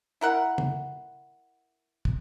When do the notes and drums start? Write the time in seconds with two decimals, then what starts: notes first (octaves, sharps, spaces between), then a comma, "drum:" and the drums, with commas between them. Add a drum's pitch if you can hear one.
0.21 E4 A#4 F#5
0.58 drum: tom
2.05 drum: kick